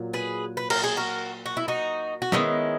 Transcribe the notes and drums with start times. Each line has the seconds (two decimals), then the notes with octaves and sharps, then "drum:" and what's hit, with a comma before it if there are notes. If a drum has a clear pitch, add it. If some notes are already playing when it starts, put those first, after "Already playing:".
Already playing: A#2 F#3
0.13 G#4 B4
0.57 B4
0.70 A#4, drum: cymbal
0.84 G#4
0.97 F#4 A#4
1.46 F#4
1.57 E4
1.68 D#4 F#4
2.22 F#4
2.32 D#3 G#3 B3 C#4 E4, drum: snare